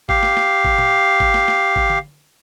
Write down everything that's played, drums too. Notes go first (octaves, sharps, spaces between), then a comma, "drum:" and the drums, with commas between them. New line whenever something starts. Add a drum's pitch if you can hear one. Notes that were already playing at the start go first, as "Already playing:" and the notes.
G4 F5, drum: kick G#1
drum: snare
drum: snare
drum: kick G#1
drum: tom A#2
drum: kick G#1
drum: snare
drum: snare
drum: kick G#1
drum: tom D3